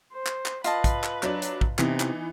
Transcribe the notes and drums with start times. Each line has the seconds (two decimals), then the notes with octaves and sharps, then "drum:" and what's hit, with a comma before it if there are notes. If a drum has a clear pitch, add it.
0.12 C5
0.26 drum: clap
0.46 drum: clap
0.64 F4 B4 D#5 A5 B5, drum: hi-hat
0.84 drum: kick, hi-hat
1.04 drum: clap
1.23 F#3 D4, drum: clap
1.42 drum: hi-hat
1.61 drum: kick
1.79 C3 E3 B3 D#4, drum: clap
2.00 drum: clap